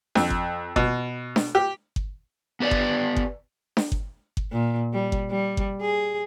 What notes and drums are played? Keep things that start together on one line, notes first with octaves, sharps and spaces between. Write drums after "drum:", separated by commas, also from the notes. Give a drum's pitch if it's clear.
F2, drum: snare D4
drum: kick G1
B2, drum: kick G1
drum: snare D4
G4
drum: kick G1
B3 G4 B4 D5
drum: kick G1
drum: kick G1
drum: snare D4
drum: kick G1
drum: kick G1
A#2
G3
drum: kick G1
G3
drum: kick G1
G#4